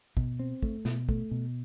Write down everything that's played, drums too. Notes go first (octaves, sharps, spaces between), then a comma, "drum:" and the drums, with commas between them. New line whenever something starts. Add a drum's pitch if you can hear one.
B2, drum: kick
C4
A3, drum: kick
B2, drum: snare
A3, drum: kick
B2